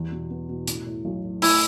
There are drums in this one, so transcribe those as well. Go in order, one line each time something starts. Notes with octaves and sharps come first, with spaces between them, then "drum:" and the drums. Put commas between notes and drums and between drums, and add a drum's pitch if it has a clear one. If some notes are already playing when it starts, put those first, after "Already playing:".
Already playing: E2 G3
B2
B3
B2
A2, drum: hi-hat
A2
B1
A2
A3 E4, drum: open hi-hat